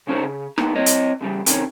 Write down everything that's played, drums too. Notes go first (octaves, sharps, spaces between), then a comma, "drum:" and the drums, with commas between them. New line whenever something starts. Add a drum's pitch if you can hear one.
B1 G2 C#3 C#4 D#4 C5
C#3
A#3 B3 D#4, drum: rim click
C4 C#5 D#5
drum: hi-hat
E2 C#3 G3
C3 D#3 C#4, drum: hi-hat